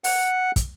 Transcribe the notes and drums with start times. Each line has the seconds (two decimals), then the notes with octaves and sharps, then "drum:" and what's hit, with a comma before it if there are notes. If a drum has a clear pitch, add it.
0.04 F#5, drum: open hi-hat
0.56 drum: kick, hi-hat